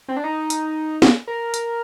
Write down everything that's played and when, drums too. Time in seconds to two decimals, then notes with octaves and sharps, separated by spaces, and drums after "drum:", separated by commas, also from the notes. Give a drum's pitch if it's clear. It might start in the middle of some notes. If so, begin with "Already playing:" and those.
0.08 C4
0.17 D4
0.24 D#4
0.50 drum: hi-hat
1.02 drum: snare
1.28 A#4
1.54 drum: hi-hat